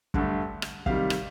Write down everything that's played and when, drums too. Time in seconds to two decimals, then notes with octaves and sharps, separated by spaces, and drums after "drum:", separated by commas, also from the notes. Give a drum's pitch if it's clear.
0.14 G2 D3 A3, drum: kick
0.62 drum: rim click
0.86 C3 D#3 G3 F5, drum: kick
1.10 drum: rim click